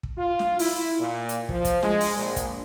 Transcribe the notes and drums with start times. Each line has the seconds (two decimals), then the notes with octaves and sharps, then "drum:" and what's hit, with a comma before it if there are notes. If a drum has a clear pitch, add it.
0.03 drum: kick
0.17 F4
0.39 drum: snare
0.59 E4, drum: open hi-hat
0.99 A#2
1.29 drum: hi-hat
1.49 F3, drum: kick
1.65 drum: kick, hi-hat
1.83 G#3, drum: snare
2.00 drum: open hi-hat
2.16 A#1
2.36 drum: kick, hi-hat